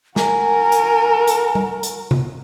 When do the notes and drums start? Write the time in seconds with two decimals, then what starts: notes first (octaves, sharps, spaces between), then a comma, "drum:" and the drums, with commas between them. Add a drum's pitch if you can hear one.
0.16 F#4 A#4 G#5, drum: snare
0.72 drum: hi-hat
1.27 drum: hi-hat
1.55 drum: tom
1.83 drum: hi-hat
2.11 drum: tom C3